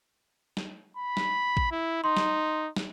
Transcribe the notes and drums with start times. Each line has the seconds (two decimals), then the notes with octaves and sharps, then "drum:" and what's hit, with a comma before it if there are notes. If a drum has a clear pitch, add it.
0.57 drum: snare
0.97 B5
1.17 drum: snare
1.57 drum: kick A#1
1.71 E4
2.04 D#4 C6
2.17 drum: snare
2.76 drum: snare